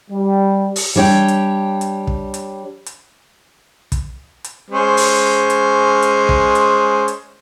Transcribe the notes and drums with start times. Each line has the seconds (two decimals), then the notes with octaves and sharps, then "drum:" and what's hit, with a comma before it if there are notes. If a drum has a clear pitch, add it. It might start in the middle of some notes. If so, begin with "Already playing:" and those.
0.10 G3
0.76 drum: open hi-hat
0.96 G3 D4 C#5 G5
1.28 drum: hi-hat
1.81 drum: hi-hat
2.07 drum: kick
2.34 drum: hi-hat
2.86 drum: hi-hat
3.92 drum: kick, hi-hat
4.44 drum: hi-hat
4.71 G#3 C#4 C5
4.97 drum: open hi-hat
5.50 drum: hi-hat
6.02 drum: hi-hat
6.29 drum: kick
6.55 drum: hi-hat
7.08 drum: hi-hat